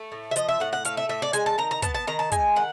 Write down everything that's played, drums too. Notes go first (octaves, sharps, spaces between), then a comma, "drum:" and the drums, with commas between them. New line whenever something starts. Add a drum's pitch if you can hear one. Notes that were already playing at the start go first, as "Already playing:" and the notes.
Already playing: A3 A5
A2
E5
F3 D#5, drum: hi-hat
E5
A2 F#5
F#5
A3 F5, drum: hi-hat
E5
A2 E5
D5
G#3 G#5, drum: hi-hat
A5
D#3 A#5
A#5
B3 A5, drum: kick, hi-hat
A5
D#3 A#5
A5
G#3 G#5, drum: kick, hi-hat
D#3 F#5